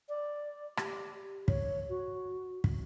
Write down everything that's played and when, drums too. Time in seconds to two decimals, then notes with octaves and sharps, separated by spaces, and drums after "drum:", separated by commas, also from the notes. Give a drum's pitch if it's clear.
0.09 D5
0.77 G4, drum: rim click
1.48 C#5, drum: kick
1.89 F#4
2.64 drum: kick